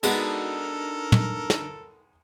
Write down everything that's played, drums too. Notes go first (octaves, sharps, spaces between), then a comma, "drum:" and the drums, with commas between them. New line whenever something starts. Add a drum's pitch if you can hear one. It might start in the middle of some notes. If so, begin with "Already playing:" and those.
G#3 B3 D4 D#4 F#4 A4 A#4, drum: cymbal
drum: tom
drum: snare